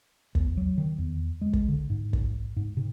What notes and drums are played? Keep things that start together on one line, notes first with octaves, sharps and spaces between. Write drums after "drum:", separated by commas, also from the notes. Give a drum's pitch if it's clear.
E2, drum: kick
F#3
D#3
E2
G#3
drum: kick
D3
G#2
drum: kick
G#2
C3